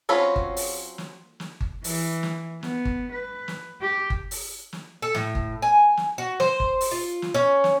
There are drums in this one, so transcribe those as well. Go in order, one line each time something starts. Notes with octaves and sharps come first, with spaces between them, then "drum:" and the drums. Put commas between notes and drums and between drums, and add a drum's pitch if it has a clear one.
F#3 C4 C#4 F4 B5
drum: kick G1
drum: open hi-hat
drum: snare
drum: snare
drum: kick G1
E3, drum: open hi-hat
drum: snare
B3, drum: snare
drum: kick G1
B4
drum: snare
G4
drum: kick G1
drum: open hi-hat
drum: snare
A4
A2, drum: snare
drum: kick G1
G#5
drum: snare
F#4
C5, drum: snare
drum: kick G1
drum: open hi-hat
F4
drum: snare
C#4
drum: snare